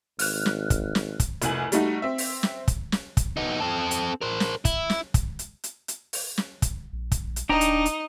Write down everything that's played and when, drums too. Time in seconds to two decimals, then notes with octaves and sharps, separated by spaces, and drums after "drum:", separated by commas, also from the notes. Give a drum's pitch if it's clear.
0.19 G#1 F6 F#6, drum: open hi-hat
0.46 drum: snare
0.70 drum: kick, hi-hat
0.95 drum: snare
1.20 drum: kick, hi-hat
1.42 F1 C2 G#5 F#7, drum: hi-hat
1.72 G3 A3 D#4 F#4, drum: hi-hat
2.02 C4 E5
2.18 drum: open hi-hat
2.43 drum: snare
2.68 drum: kick, hi-hat
2.92 drum: snare
3.17 drum: kick, hi-hat
3.37 B3 D#4
3.60 C4 A4
3.91 drum: hi-hat
4.21 A#4 C5
4.40 drum: snare
4.65 E4, drum: kick, hi-hat
4.90 drum: snare
5.14 drum: kick, hi-hat
5.39 drum: hi-hat
5.64 drum: hi-hat
5.88 drum: hi-hat
6.13 drum: open hi-hat
6.38 drum: snare
6.62 drum: kick, hi-hat
6.93 A#1
7.12 drum: kick, hi-hat
7.36 drum: hi-hat
7.49 D1 D4 D#4 G5 A#5
7.61 drum: hi-hat
7.86 drum: hi-hat